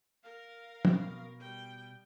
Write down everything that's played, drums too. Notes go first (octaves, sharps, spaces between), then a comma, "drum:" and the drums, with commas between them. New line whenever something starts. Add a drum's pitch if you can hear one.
A#4 F5
B2, drum: tom
G3 G5